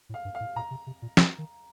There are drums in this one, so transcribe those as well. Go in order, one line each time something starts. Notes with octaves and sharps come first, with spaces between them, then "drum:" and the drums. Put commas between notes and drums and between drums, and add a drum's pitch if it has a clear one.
A2
F5
G2
F5
A2
A#2 A#5
C3
C3
A#2
C3, drum: snare
D#3